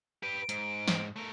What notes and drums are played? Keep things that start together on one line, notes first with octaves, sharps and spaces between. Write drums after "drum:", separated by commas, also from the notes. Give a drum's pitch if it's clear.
G4 B4 D7
G#2, drum: hi-hat
drum: snare
A3 A#4